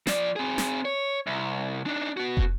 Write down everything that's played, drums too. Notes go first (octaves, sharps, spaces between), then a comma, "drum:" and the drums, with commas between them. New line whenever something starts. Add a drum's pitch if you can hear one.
F3 D5, drum: snare
C4 G#4
drum: snare
C#5
C2
D4 D#4
B3 F#4
drum: kick